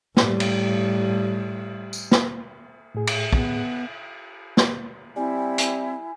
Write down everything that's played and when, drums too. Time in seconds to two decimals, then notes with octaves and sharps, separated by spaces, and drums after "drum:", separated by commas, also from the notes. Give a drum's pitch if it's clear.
0.17 A2 G3, drum: snare
0.40 drum: cymbal
1.93 drum: tambourine
2.12 drum: snare
2.95 A2 G#4
3.07 drum: cymbal
3.33 B3, drum: kick
4.57 drum: snare
5.16 G3 C4 E4 G#5
5.58 drum: hi-hat